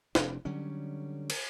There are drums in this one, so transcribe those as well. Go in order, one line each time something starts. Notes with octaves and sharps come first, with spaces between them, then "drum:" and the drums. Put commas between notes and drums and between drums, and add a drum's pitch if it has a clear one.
F1 C3 D4, drum: snare
D3 F#3 G3 C#4
drum: cymbal